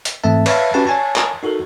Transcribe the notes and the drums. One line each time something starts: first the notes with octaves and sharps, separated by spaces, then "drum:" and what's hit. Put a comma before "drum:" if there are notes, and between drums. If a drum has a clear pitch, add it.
drum: hi-hat
G#2 E3 A3 C4 E5 A5
B4 C#5 E5 F5 A5 B5, drum: cymbal
C#4 F#4 G4 B4 F#5 A5
C#5 G#5 A5
drum: clap
D#4 F#4 A4 A#4